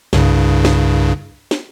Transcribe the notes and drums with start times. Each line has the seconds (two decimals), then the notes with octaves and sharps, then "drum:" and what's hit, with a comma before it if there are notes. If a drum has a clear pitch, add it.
0.13 C2 G2 C#3, drum: snare
0.65 drum: snare
1.51 drum: snare